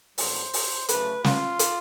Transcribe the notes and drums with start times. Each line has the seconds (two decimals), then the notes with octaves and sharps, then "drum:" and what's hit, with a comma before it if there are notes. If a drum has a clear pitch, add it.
0.18 F#2 D3 G3 B3 C5, drum: open hi-hat
0.53 drum: open hi-hat
0.88 D2 C#3 F#3 A3 B4, drum: hi-hat
1.24 F4, drum: snare
1.59 drum: hi-hat